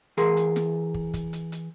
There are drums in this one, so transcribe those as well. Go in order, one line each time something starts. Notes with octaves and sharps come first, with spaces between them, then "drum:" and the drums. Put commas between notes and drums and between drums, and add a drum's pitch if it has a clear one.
E3 G#4 A#4 C6, drum: hi-hat
drum: hi-hat
drum: snare
drum: kick
drum: kick, hi-hat
drum: hi-hat
drum: hi-hat